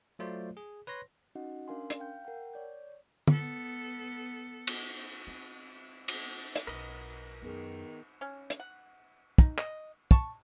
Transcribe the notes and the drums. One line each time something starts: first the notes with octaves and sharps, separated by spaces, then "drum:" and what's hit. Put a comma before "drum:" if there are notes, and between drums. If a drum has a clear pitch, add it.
F#3 A3 F4 C5 D5
G#4
B4 C#5 C6 A#6
C#4 D#4 F#4 D#5 F#5
C#4 D4 A#4 F5 G#5 C6
drum: hi-hat
F5 G5 G6
A#4 F#5 G5
C#5 D5 G6
B3 A4, drum: tom
drum: cymbal
C4
drum: cymbal
drum: hi-hat
B1 A#4 B4 D#5
F#2 D#3 B3 G#4
C#4
drum: hi-hat
F#5
D#4, drum: kick
D#5, drum: clap
A5 C#6, drum: kick